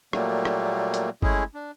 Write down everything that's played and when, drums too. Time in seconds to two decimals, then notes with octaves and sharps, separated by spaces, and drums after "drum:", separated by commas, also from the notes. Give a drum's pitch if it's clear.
0.13 A#2 F#3 G3 A3 A#3, drum: rim click
0.45 drum: rim click
0.94 drum: hi-hat
1.22 G#3 A3 C#4 E4 G#4, drum: kick G1
1.54 D4